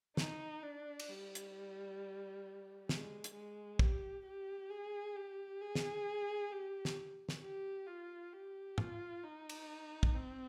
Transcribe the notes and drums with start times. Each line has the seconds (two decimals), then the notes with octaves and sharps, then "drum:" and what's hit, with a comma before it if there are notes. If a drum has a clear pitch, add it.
0.17 D#4, drum: snare
0.63 D4
1.00 drum: cymbal
1.09 G3
1.35 drum: hi-hat
2.89 G#3, drum: snare
3.24 drum: hi-hat
3.34 G#3
3.79 G4, drum: kick
4.26 G4
4.70 G#4
5.16 G4
5.61 G#4
5.75 drum: snare
6.52 G4
6.85 drum: snare
7.29 drum: snare
7.42 G4
7.87 F4
8.33 G4
8.78 F4, drum: tom
9.24 D#4
9.49 drum: cymbal
10.03 drum: kick
10.15 C4